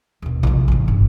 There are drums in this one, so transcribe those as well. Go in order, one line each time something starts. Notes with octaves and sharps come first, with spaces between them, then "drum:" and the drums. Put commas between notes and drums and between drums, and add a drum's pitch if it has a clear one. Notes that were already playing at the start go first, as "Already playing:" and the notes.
D#2 B2
B1 F2, drum: tom C3
A1 D#4
G1